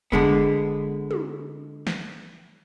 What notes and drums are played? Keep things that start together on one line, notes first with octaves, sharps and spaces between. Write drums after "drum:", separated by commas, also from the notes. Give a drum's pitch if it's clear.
D3 G#3 B3, drum: kick F1
drum: tom
drum: snare